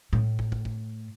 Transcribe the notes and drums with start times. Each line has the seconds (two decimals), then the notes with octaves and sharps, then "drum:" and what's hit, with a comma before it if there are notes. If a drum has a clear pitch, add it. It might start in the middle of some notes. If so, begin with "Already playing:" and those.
0.13 A2
0.39 drum: kick
0.52 drum: kick
0.65 drum: kick